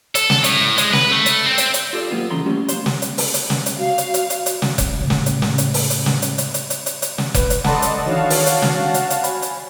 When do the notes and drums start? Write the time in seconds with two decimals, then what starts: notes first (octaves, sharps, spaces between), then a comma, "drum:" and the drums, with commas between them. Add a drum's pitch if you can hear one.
0.15 A4, drum: hi-hat
0.30 drum: snare
0.44 A2, drum: hi-hat
0.78 G#3, drum: hi-hat
0.93 B4, drum: snare
1.12 A3
1.26 drum: hi-hat
1.46 C4
1.58 drum: hi-hat
1.74 drum: hi-hat
1.93 F4 G4 A4 D5
2.11 F#3 A#3 B3 F4
2.31 C2 C#3 E3 A#5 C6
2.46 F#3 G3 A3 C#4 F#4 G4
2.68 A#3 C5 C6, drum: hi-hat
2.86 drum: snare
3.02 drum: hi-hat
3.18 drum: open hi-hat
3.34 drum: hi-hat
3.50 drum: snare
3.66 drum: hi-hat
3.78 F#4 F5
3.98 drum: hi-hat
4.14 drum: hi-hat
4.30 drum: hi-hat
4.46 drum: hi-hat
4.62 drum: snare
4.78 drum: kick F1, hi-hat
5.01 A2 C#3
5.10 drum: snare
5.26 drum: hi-hat
5.42 drum: snare
5.58 drum: hi-hat
5.74 drum: open hi-hat
5.90 drum: hi-hat
6.06 drum: snare
6.22 drum: hi-hat
6.38 drum: hi-hat
6.54 drum: hi-hat
6.70 drum: hi-hat
6.86 drum: hi-hat
7.02 drum: hi-hat
7.18 drum: snare
7.34 B4, drum: kick F1, hi-hat
7.50 drum: hi-hat
7.64 A4 D5 D#5 F#5 A5 B5 C6, drum: snare
7.82 drum: hi-hat
8.06 D#3 E3 D4 F#4 C#5 F5 A5
8.30 drum: open hi-hat
8.46 drum: hi-hat
8.62 drum: snare
8.85 F#5
8.94 drum: hi-hat
9.10 drum: hi-hat
9.24 G#5 B5, drum: hi-hat
9.42 drum: hi-hat